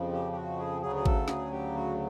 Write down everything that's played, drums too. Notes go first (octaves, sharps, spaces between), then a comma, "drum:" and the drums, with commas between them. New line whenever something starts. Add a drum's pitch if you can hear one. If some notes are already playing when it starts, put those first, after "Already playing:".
Already playing: F2 C#3 F3
G4
G4
F#4
G#4
D2 C#3 F#3 G#4
G#4
A4, drum: kick G#1
G#4, drum: snare
G4
F#4